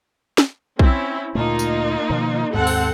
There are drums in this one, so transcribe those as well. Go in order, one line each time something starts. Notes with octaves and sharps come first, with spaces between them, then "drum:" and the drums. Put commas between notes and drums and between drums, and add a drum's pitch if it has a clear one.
drum: snare
C4 C#4 E4, drum: kick B1
D2 A#2 A3 A#3 D#4 F4
drum: tambourine
B2 D#3 F3
D#2 G#2 C4 A4 F#5
drum: open hi-hat